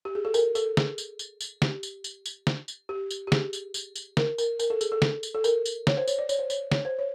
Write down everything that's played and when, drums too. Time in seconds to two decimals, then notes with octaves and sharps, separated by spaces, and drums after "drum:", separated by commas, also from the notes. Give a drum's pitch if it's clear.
0.05 G4
0.15 G#4
0.25 A4
0.34 A#4, drum: tambourine
0.55 A4, drum: tambourine
0.77 G#4, drum: snare
0.98 drum: tambourine
1.19 drum: tambourine
1.41 drum: tambourine
1.62 G4, drum: snare
1.83 drum: tambourine
2.04 drum: tambourine
2.26 drum: tambourine
2.47 drum: snare
2.68 drum: tambourine
2.89 G4
3.11 drum: tambourine
3.27 G4
3.32 G#4, drum: snare
3.53 drum: tambourine
3.74 drum: tambourine
3.96 drum: tambourine
4.17 A#4, drum: snare
4.38 A#4, drum: tambourine
4.59 A#4, drum: tambourine
4.70 A4
4.81 G#4, drum: tambourine
4.92 A4
5.02 drum: snare
5.23 drum: tambourine
5.35 A4
5.44 A#4, drum: tambourine
5.66 drum: tambourine
5.87 C#5, drum: snare
5.97 C5
6.08 C#5, drum: tambourine
6.18 D5
6.29 C#5, drum: tambourine
6.39 C5
6.50 C#5, drum: tambourine
6.72 C#5, drum: snare
6.85 C5
6.99 C#5